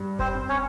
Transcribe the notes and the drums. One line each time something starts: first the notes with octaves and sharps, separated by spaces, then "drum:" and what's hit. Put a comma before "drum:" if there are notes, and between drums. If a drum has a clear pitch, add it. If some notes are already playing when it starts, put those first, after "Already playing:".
Already playing: G2
C4 C5, drum: kick F1
C4
C#4 C#5